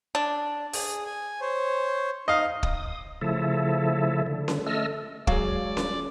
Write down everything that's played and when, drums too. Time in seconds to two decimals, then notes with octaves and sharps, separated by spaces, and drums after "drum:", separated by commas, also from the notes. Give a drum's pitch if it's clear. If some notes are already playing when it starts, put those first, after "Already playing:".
0.15 D4
0.73 G#4 D#6, drum: open hi-hat
1.05 G#5
1.41 C5 C#5
2.28 D#4 D#5 F5
2.63 D#6, drum: kick
3.21 C#3 F3 A3 E4 A4
4.26 D3
4.48 drum: snare C#4
4.66 A3 A4 D#5 E6 F6
5.27 F#3 G#3 G#4 C#5 D5 F5, drum: kick
5.77 drum: snare C#4